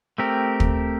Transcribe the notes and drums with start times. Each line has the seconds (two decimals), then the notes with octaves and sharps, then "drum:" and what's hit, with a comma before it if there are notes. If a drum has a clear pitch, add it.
0.18 A3 C4 G4 A#4
0.60 drum: kick